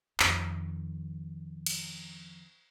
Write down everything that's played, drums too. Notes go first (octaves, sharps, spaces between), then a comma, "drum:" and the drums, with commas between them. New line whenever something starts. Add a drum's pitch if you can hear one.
F2 D#3, drum: clap
drum: cymbal